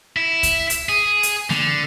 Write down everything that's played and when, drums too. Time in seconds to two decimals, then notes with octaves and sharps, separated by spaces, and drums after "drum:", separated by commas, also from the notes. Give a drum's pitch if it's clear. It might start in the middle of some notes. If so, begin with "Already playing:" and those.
0.16 E4
0.43 drum: kick C#2, hi-hat
0.70 drum: hi-hat
0.89 G#4
1.23 drum: hi-hat
1.50 D3, drum: snare A#3